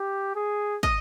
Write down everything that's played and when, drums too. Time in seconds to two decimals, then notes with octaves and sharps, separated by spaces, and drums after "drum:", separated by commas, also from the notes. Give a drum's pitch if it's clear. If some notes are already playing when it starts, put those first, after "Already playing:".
Already playing: G4
0.36 G#4
0.83 D#5, drum: kick